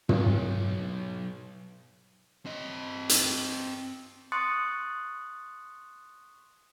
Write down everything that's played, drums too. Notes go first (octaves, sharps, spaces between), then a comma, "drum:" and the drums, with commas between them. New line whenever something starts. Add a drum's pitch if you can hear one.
B1, drum: tom
C4 D#5
drum: hi-hat
C6 C#6 D#6 F#6 A6 C#7